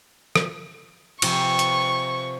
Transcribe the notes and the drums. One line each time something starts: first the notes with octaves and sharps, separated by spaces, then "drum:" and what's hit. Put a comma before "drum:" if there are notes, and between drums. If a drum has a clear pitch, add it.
drum: rim click
C3 F3 C#6, drum: cymbal
drum: hi-hat